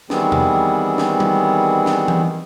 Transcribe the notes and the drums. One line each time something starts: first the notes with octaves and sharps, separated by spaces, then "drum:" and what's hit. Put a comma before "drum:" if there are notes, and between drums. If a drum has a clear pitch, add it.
D#3 E3 G3 B3 C4 G#4, drum: snare
drum: tom E2
drum: snare
drum: tom G3
drum: snare
drum: tom E3